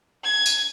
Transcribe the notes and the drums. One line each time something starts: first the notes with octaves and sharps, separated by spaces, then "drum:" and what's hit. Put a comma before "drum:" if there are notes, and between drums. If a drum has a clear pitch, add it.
G#6
drum: tambourine